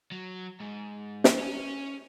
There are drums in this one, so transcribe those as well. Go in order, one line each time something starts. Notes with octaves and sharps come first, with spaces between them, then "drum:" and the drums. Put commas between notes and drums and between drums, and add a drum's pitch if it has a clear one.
F#3
G#2
drum: snare
C#4